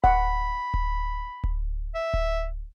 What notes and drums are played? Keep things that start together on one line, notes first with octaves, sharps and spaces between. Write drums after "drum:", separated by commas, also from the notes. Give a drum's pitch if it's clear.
F#5 B5, drum: kick D1
drum: kick D1
drum: kick D1
E5
drum: kick D1